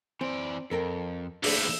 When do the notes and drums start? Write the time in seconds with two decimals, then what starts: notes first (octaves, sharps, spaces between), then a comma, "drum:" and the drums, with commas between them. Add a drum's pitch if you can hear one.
0.21 E3 C4 D5
0.71 F2 A4 A#4 G5
1.44 D#2 A2 D4 E5, drum: open hi-hat